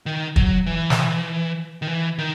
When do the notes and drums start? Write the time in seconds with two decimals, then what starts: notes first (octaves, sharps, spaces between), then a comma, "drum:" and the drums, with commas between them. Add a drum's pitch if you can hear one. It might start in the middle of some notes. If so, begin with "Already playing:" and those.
0.06 D#3
0.36 F#3, drum: kick
0.66 E3
0.90 drum: snare
1.82 D#3
1.88 E3
2.18 D#3